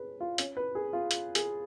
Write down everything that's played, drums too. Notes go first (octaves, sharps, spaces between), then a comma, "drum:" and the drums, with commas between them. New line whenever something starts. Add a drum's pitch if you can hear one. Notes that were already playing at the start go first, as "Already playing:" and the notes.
Already playing: C#4 G#4 B4
F4
C#4, drum: hi-hat
B4
G#4
F4
drum: hi-hat
G#4, drum: hi-hat